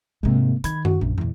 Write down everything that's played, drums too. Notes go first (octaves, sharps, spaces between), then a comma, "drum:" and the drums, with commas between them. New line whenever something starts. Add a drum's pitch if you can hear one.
G#2 C3 G#3 A#3
D#3 B5 G#6, drum: hi-hat
F#4, drum: tom F#2
A#1 F#2
E2 A#2